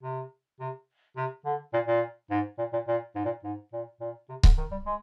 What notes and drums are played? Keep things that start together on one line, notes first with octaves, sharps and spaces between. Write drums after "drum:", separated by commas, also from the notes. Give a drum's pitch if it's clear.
C3
C3
C3
D3
A#2
A#2
G#2
A#2
A#2
A#2
G#2
A#2
G#2
A#2
A#2
C3
D3, drum: kick C#1
D#3
G3
G#3